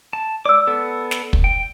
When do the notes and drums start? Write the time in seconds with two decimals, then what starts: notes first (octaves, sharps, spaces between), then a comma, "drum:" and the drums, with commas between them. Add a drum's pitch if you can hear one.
0.13 A5
0.46 D5 D6 E6
0.67 B3 A4
1.11 drum: snare
1.33 drum: kick
1.44 G5